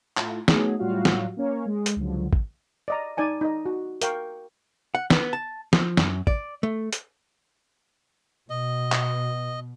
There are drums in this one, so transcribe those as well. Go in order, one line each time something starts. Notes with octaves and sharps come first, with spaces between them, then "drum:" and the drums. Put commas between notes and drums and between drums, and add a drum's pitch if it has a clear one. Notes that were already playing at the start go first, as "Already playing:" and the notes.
A2 F4, drum: clap
F#3 A3 B3 D#4 G#4, drum: snare
A2 F#3 G3 F4 F#4 F5
drum: snare
A#3 C#4 C#5
G#3
drum: hi-hat
C#2 D3 F3 F#3
drum: kick
D5 D#5 A#5
D#4 D5 G#5 A5
D#4 D#5
F#4
A#4 F5 G5 C#6, drum: hi-hat
F#5
B3, drum: snare
A5
F3, drum: snare
F#2, drum: snare
D5, drum: kick
A3
drum: hi-hat
B2 D#5
drum: clap